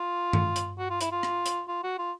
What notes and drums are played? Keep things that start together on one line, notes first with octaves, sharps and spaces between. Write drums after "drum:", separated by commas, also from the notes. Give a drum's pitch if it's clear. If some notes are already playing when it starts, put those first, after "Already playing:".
Already playing: F4
drum: tom G2
drum: hi-hat
F#4
F4
E4, drum: hi-hat
F4
drum: rim click
drum: hi-hat
F4
F#4
F4